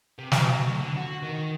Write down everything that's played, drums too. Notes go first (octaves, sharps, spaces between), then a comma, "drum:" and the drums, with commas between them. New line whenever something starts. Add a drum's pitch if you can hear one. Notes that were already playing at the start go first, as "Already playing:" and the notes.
C3
F#3, drum: snare
D2
D3
F#4
D#3